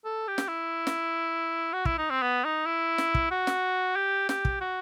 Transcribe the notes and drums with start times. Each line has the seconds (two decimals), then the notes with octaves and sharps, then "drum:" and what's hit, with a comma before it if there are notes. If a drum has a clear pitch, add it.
0.05 A4
0.28 G4
0.38 drum: snare
0.48 E4
0.87 drum: snare
1.73 F#4
1.85 E4, drum: kick
1.98 D#4
2.10 C4
2.22 B3
2.45 D#4
2.66 E4
2.98 drum: snare
3.15 drum: kick
3.31 F#4
3.47 drum: snare
3.96 G4
4.29 G4, drum: snare
4.45 drum: kick
4.61 F#4